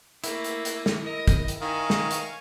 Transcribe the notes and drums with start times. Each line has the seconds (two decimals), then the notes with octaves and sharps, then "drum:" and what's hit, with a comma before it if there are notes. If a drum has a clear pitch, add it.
0.24 A3 A#3 E4, drum: hi-hat
0.44 drum: hi-hat
0.65 drum: hi-hat
0.86 drum: snare
1.01 A#4 D#5
1.28 drum: kick, hi-hat
1.48 drum: hi-hat
1.61 D#3 C#4 C#5 F5 G#5 A#5
1.90 drum: snare
2.11 drum: hi-hat